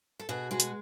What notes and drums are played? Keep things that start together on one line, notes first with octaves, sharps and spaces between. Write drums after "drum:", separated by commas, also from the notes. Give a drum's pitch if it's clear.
A4
B2 F#4 G#4
G#3 F#4 G#4
drum: hi-hat